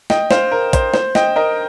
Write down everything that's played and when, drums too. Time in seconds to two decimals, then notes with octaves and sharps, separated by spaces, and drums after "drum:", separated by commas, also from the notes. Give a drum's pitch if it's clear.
0.10 D#5 G5, drum: snare
0.31 C5 F5, drum: snare
0.52 A#4
0.73 C5, drum: kick, hi-hat
0.94 C5, drum: snare
1.15 D#5 G5, drum: snare
1.36 A#4 D#5